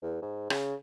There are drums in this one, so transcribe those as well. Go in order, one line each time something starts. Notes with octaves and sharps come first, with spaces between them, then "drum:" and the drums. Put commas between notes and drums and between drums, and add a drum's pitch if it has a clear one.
E2
G#2
C#3, drum: rim click